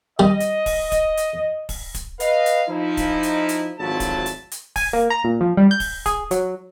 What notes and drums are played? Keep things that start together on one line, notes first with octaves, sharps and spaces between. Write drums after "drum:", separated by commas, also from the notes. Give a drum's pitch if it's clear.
G3 D#5
drum: hi-hat
drum: kick, open hi-hat
drum: kick, hi-hat
drum: hi-hat
drum: kick, open hi-hat
drum: kick, hi-hat
B4 D#5 F5, drum: hi-hat
drum: hi-hat
F3 D#4 E4
drum: kick, hi-hat
drum: hi-hat
drum: hi-hat
G#1 D2 F3 F#3 E4 A5
drum: kick, hi-hat
drum: hi-hat
drum: hi-hat
G#5, drum: kick, open hi-hat
A#3
A#5
A#2
F3
G3
G6
drum: kick, open hi-hat
G#4, drum: kick, hi-hat
F#3, drum: hi-hat